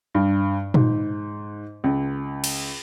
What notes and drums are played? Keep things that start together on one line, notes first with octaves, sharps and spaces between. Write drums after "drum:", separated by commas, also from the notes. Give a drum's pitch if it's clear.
G2
G#2, drum: tom A#2
C#2
drum: cymbal